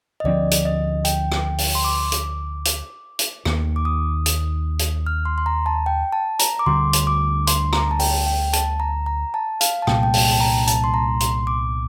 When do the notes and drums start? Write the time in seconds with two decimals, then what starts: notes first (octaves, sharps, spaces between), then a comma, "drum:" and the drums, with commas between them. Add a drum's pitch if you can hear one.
0.20 D#5
0.24 D2 D3 F3 C4 D5
0.51 drum: hi-hat
0.65 D#5
1.05 G5, drum: hi-hat
1.32 drum: rim click
1.58 drum: open hi-hat
1.75 C6
1.84 D6
2.12 drum: hi-hat
2.65 drum: hi-hat
3.19 drum: hi-hat
3.45 D#2 D#3 A#3, drum: rim click
3.76 D6
3.85 D#6
4.26 drum: hi-hat
4.79 drum: hi-hat
5.07 F6
5.25 C6
5.38 C6
5.46 A#5
5.66 A5
5.86 G5
6.12 A5
6.39 A#5, drum: hi-hat
6.59 D6
6.66 D2 D3 G3 C6
6.93 drum: hi-hat
7.07 D6
7.47 C6, drum: hi-hat
7.73 A#5, drum: rim click
7.91 A5
7.99 G5, drum: open hi-hat
8.27 G5
8.53 A5, drum: hi-hat
8.80 A#5
9.06 A#5
9.34 A5
9.61 F5, drum: hi-hat
9.82 A5
9.87 C2 A#2 G3 G5, drum: rim click
10.03 G5
10.14 A5, drum: open hi-hat
10.25 G5
10.32 A5
10.41 A#5
10.67 A5, drum: hi-hat
10.84 C6
10.94 A#5
11.20 C6, drum: hi-hat
11.47 D6